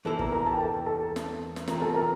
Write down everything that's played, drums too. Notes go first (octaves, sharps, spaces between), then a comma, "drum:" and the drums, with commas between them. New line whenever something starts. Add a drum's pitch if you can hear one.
E2 E3 A#3 E4 A4 A5
A#4 A#5, drum: kick
A#4 A#5
A5
G5
A4 A5
A4 A5
drum: snare
drum: snare
E2 E3 A3 C4 F4 A#4 A#5, drum: snare
A4 A5
A#4 A#5